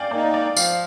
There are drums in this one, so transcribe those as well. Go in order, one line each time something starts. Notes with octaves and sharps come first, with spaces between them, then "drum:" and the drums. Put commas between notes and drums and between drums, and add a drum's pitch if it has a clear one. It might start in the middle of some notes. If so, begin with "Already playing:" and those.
Already playing: D5 F5 G5 G#5
A#3 D#4 D5
D5
F3 F5, drum: tambourine